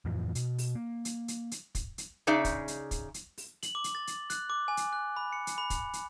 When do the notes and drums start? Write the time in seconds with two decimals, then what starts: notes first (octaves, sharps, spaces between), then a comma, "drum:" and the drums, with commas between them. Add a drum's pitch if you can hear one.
0.05 F2 A2 E3 F3
0.35 B2, drum: hi-hat
0.58 drum: open hi-hat
0.75 A#3
1.05 drum: hi-hat
1.28 drum: hi-hat
1.51 drum: hi-hat
1.75 drum: kick, hi-hat
1.98 drum: hi-hat
2.27 C#3 D#4 G#4 D5 E5
2.45 drum: kick, hi-hat
2.68 drum: hi-hat
2.91 drum: kick, hi-hat
3.14 drum: hi-hat
3.38 drum: open hi-hat
3.63 F#7, drum: hi-hat
3.75 D6
3.84 drum: hi-hat
3.95 A6
4.07 drum: hi-hat
4.30 F#6, drum: hi-hat
4.50 D6
4.68 G#5
4.77 drum: hi-hat
4.93 F#6
5.16 B5
5.33 C#7
5.47 drum: hi-hat
5.58 B5
5.70 drum: kick, hi-hat
5.93 drum: hi-hat